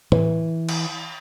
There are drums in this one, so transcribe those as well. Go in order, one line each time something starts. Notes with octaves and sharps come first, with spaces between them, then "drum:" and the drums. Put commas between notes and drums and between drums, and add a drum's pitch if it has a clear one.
E3, drum: tom A2
drum: cymbal